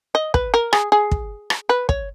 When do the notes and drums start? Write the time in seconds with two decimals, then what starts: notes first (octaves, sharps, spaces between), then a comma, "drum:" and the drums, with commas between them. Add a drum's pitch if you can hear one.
0.15 D#5
0.34 B4, drum: kick
0.54 A#4
0.73 G#4, drum: rim click
0.92 G#4
1.11 drum: kick
1.50 drum: rim click
1.69 B4
1.89 C#5, drum: kick